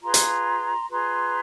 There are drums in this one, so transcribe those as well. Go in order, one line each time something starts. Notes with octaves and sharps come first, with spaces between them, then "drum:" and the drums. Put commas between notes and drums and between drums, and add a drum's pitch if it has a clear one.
F4 G#4 B4 A#5 C6
drum: hi-hat
F4 G#4 B4 A#5 C6